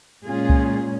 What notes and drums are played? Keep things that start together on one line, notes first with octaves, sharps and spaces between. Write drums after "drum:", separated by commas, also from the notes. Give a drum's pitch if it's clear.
A#2 G#3 C#4 F4 G#4
drum: kick C2